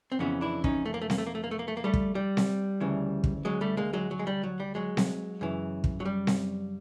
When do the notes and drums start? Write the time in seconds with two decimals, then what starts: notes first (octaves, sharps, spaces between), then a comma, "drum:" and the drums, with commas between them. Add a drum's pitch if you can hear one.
0.12 C4
0.19 F2 C#3 E3 B3 C#4
0.41 D4 E4
0.64 C#4 D#4, drum: kick
0.86 A3
0.94 A#3
1.02 A3
1.10 A#3, drum: snare C4
1.18 A3
1.27 A#3
1.35 A3
1.44 A#3
1.51 A3
1.59 A#3
1.68 A3
1.77 A#3
1.84 G3 A3
1.94 drum: kick
2.15 G3
2.37 drum: snare C4
2.81 D2 C#3 E3
3.24 drum: kick
3.45 F#3 G#3
3.61 G3 A3
3.77 G#3 A#3
3.93 F#3 G#3
4.11 F#3
4.19 G#3
4.27 G3
4.43 F#3
4.60 G3
4.75 F#3 G#3
4.97 drum: snare C4
5.41 F#2 C#3 E3
5.84 drum: kick
6.00 F#3
6.05 G3
6.27 drum: snare C4